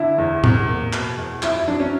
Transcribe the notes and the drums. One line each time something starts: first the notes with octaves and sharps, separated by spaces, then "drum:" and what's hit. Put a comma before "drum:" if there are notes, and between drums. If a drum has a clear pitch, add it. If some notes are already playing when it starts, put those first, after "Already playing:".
Already playing: D3 E4
E2
E2, drum: tom A2
A#3
B2, drum: clap
E2
F#2 E4, drum: clap
E4
F#3 D4
C#4